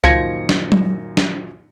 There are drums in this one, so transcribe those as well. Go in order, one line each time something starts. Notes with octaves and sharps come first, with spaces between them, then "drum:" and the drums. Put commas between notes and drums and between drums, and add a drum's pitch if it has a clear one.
C#2 F#2 A#2 D#3 F3 G#6 A#6 C#7
drum: snare
drum: tom F#3
drum: snare